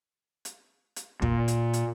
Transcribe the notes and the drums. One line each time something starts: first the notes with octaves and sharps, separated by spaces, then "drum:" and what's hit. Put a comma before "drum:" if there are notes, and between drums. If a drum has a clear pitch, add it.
drum: hi-hat
drum: hi-hat
A#2, drum: kick
drum: hi-hat
drum: hi-hat